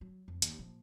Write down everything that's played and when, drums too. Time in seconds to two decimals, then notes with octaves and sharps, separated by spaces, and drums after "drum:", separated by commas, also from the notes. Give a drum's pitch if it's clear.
0.01 F#3
0.28 F2
0.42 D#2, drum: hi-hat
0.59 A#2 F3